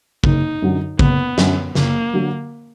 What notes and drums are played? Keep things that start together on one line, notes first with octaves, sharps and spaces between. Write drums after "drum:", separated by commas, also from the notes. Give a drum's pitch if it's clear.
F#1 D#4, drum: kick
F#2 D3 F#3
F#1 B3, drum: kick
F#2 D3 F#3, drum: snare
F#1 A#3, drum: snare
D3 F#3